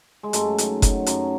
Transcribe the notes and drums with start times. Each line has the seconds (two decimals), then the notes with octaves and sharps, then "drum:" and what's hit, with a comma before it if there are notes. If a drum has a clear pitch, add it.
0.23 G#3
0.33 F#2 A3, drum: hi-hat
0.58 D#3, drum: hi-hat
0.82 F#3, drum: kick F#1, hi-hat
1.06 F#2, drum: hi-hat